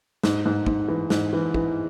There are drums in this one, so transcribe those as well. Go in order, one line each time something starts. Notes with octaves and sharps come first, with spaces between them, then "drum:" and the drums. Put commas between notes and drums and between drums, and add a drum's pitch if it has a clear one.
G#2, drum: snare
G#2
G#2, drum: kick
E3
G#2, drum: snare
E3
E3, drum: kick